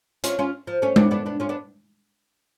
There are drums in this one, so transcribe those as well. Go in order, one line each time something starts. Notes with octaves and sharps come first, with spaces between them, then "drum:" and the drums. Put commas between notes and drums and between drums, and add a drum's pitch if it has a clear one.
C#4 F4, drum: hi-hat
C#4 F4
F3
A3 C#4
B3 D4, drum: tom G#3
B3 D4
B3 D4
C#4 F4
B3 D4